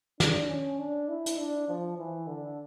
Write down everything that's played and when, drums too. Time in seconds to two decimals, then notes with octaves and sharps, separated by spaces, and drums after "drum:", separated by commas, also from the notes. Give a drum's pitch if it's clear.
0.20 D4, drum: snare
0.49 C#4
0.79 D4
1.09 E4
1.26 drum: hi-hat
1.38 D4
1.69 F3
1.98 E3
2.27 D3